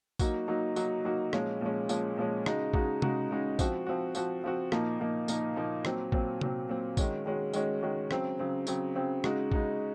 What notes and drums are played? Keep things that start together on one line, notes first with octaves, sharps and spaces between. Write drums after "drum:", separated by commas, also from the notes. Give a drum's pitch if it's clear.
F#3 A#3 D#4 F#4, drum: kick, tambourine
F#3 A#3 D#4 F#4
F#3 A#3 D#4 F#4, drum: tambourine
F#3 A#3 D#4 F#4
A#2 F3 G#3 C#4, drum: rim click
A#2 F3 G#3 C#4
A#2 F3 G#3 C#4, drum: tambourine
A#2 F3 G#3 C#4
C#3 G#3 D#4 F#4, drum: rim click
C#3 G#3 D#4 F#4, drum: kick
C#3 G#3 D#4 F#4, drum: tom C3
C#3 G#3 D#4 F#4
F3 C4 F#4, drum: kick, tambourine
F3 C4 F#4
F3 C4 F#4, drum: tambourine
F3 C4 F#4
A#2 F3 A#3 D#4, drum: rim click
A#2 F3 A#3 D#4
A#2 F3 A#3 D#4, drum: tambourine
A#2 F3 A#3 D#4
A#2 F#3 C4, drum: rim click
A#2 F#3 C4, drum: kick
A#2 F#3 C4, drum: tom C3
A#2 F#3 C4
D#3 G#3 C#4 F#4, drum: kick, tambourine
D#3 G#3 C#4 F#4
D#3 G#3 C#4 F#4, drum: tambourine
D#3 G#3 C#4 F#4
C#3 F#3 C4, drum: rim click
C#3 F#3 C4
C#3 F#3 C4, drum: tambourine
C#3 F#3 C4
C#3 G#3 D#4 F#4, drum: rim click
C#3 G#3 D#4 F#4, drum: kick